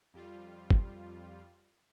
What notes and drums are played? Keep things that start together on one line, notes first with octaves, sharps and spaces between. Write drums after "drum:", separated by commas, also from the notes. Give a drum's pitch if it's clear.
F2 G3 F4
drum: kick